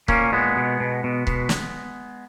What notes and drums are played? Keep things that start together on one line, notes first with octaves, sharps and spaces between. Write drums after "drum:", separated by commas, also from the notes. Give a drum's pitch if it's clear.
A#2 A#3 C#4, drum: kick C#1
A#2 G#3 B3
B2
B2
B2
B2, drum: kick C#1
drum: snare